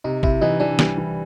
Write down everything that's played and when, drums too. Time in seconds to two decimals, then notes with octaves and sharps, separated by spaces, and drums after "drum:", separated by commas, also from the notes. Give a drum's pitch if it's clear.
0.04 C3 D#4
0.23 C3 E4, drum: kick
0.41 E3 D#4
0.60 E3 D4
0.79 G3, drum: snare
0.98 E3